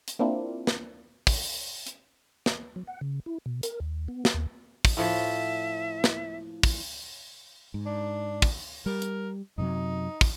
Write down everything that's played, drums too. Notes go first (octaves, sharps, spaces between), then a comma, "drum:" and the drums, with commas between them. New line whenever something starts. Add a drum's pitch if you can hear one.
drum: hi-hat
A#3 C4 D4 E4 F4
drum: snare
drum: kick, open hi-hat
drum: hi-hat
drum: snare
F#3
F#5
C#3
E4
B2
A#4, drum: hi-hat
D#2
B3
drum: snare
D#2
drum: kick, open hi-hat
A2 F3 C#5 E5
drum: snare
drum: kick, open hi-hat
G#2
D4
drum: kick, open hi-hat
G3 A#4
drum: hi-hat
F#2 C3 F#3 D#4
drum: kick, open hi-hat